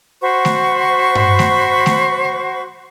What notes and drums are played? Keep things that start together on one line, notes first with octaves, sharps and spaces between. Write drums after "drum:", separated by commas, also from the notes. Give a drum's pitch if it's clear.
F#4 C5 B5 C#6
drum: snare A3
drum: tom G2
drum: snare A3
drum: snare A3